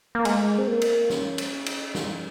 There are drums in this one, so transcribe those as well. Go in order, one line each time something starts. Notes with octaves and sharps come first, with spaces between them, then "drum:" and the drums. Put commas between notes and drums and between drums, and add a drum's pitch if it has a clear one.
A#3
G#3, drum: cymbal
C4
A#3
drum: cymbal
C#4, drum: snare
drum: cymbal
drum: cymbal
drum: snare